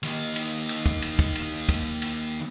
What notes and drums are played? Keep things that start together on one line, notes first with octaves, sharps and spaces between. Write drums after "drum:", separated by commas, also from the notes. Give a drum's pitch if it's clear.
D#2 D#3, drum: cymbal
drum: cymbal
drum: cymbal
drum: kick
drum: cymbal
drum: kick
drum: cymbal
drum: kick, cymbal
drum: cymbal